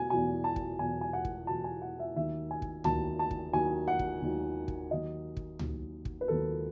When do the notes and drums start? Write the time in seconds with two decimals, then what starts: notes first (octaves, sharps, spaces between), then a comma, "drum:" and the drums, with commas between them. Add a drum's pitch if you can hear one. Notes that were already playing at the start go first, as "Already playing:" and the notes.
Already playing: E2 B2 F#3 G#5
0.10 E2 B2 F#3 G#5
0.44 A5
0.56 drum: kick
0.79 E2 B2 F#3 G#5
1.01 G#5
1.13 F#5
1.25 drum: kick
1.47 E2 B2 F#3 A5
1.64 G#5
1.82 F#5
1.99 E5
2.16 D#2 D#3 F#3 E5
2.51 G#5
2.62 drum: kick
2.84 D#2 D#3 F#3 A5, drum: tom C#2
3.19 A5
3.31 drum: kick
3.53 D#2 D#3 F#3 G#5
3.88 F#5
3.99 drum: kick
4.22 D#2 D#3 F#3
4.68 drum: kick
4.90 D#2 D#3 F#3 D#5
5.37 drum: kick
5.59 D#2 D#3 F#3, drum: tom C#2
6.05 drum: kick
6.21 B4
6.28 D#2 D#3 F#3 A4